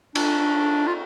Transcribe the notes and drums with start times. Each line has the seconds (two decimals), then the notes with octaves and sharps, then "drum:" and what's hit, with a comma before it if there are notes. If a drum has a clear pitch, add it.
0.15 D4, drum: cymbal
0.87 F4